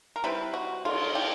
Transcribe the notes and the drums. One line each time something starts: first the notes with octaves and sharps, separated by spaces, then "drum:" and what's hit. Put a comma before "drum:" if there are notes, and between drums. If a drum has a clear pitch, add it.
A#4
G3 C4 E4 B4
F#4
F4, drum: cymbal
G4